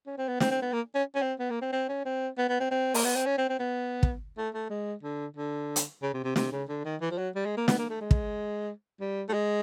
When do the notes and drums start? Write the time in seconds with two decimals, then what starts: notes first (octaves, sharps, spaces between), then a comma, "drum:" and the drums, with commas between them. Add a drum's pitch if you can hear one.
0.06 C#4
0.18 C4
0.28 B3
0.40 C4, drum: snare
0.51 C4
0.62 B3
0.73 A#3
0.95 C#4
1.15 C#4
1.22 C4
1.39 B3
1.50 A#3
1.61 C4
1.72 C4
1.89 C#4
2.05 C4
2.38 B3
2.49 B3
2.60 C4
2.71 C4
2.94 A#3, drum: open hi-hat
3.05 B3
3.15 C4
3.26 C#4
3.38 C4
3.49 C4
3.59 B3
4.03 drum: kick
4.37 A3
4.54 A3
4.70 G#3
5.03 D3
5.37 D3
5.76 drum: hi-hat
6.02 C#3
6.14 C3
6.24 C3
6.36 C3, drum: snare
6.52 C#3
6.69 D3
6.85 D#3
7.01 E3
7.11 F3
7.18 F#3
7.35 G3
7.46 G#3
7.57 A#3
7.68 B3, drum: snare
7.78 A#3
7.90 A3
8.01 G#3
8.11 drum: kick
9.00 G3
9.29 A3
9.33 G#3